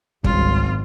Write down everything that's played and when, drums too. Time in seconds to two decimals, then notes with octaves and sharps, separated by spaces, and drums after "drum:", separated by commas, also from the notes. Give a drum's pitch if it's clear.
0.24 G#1 C#2 F#2 G3 F4, drum: kick